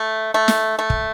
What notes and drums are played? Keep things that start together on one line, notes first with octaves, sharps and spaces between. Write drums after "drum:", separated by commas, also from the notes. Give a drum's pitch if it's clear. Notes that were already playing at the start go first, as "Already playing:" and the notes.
Already playing: A3
A3
drum: snare
A3
drum: kick